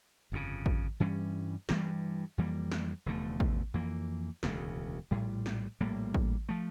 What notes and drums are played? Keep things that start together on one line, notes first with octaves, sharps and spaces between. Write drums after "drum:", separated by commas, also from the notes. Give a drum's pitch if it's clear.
G1 F2 C#3
drum: kick A1
G2 E3 G3 C#4
G2 E3 G3, drum: snare
F2 E3 G3 A#3
drum: snare
F1 E2 D3 A3
drum: kick A1
F2 E3 A#3
E1 D2 C#3, drum: snare
A#1 A2 G3
drum: snare
A#1 A2 G3 A#3
drum: kick A1
F3 A3